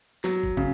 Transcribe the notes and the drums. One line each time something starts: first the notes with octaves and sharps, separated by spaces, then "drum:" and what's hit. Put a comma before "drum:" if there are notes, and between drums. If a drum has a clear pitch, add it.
F#3, drum: snare
drum: kick
C#3, drum: kick